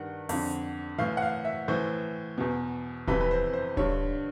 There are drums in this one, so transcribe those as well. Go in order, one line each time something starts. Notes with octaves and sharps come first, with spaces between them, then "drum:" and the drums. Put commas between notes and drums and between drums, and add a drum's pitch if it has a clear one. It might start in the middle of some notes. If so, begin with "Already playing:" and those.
Already playing: G2 D#3 F#5
F2 D3, drum: open hi-hat
A2 E3 F5
F#5
F5
E5
A2 E3 C5
E2 B2
F2 C3 E3 B4, drum: kick D#1
B4
C5
C5
G2 D3 C#5, drum: kick D#1